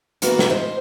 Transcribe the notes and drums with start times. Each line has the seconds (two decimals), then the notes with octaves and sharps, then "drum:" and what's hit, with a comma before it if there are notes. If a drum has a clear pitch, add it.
0.22 E2 E3 A#3 B3 F#4 A5, drum: hi-hat
0.39 drum: snare
0.50 C5 D#5